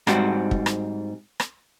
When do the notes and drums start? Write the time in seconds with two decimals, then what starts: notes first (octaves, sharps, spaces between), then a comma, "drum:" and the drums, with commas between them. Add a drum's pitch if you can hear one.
0.07 G#2 G3 C4 F#4, drum: rim click
0.51 drum: kick
0.66 drum: rim click
1.40 drum: rim click